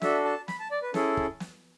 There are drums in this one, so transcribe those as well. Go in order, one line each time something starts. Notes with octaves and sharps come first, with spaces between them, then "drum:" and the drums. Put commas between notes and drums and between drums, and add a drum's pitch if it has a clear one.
D4 F#4 A4 E5, drum: snare
A5
B5, drum: snare
A5
D5
B4
C#4 E4 G#4 A4, drum: snare
drum: kick
drum: snare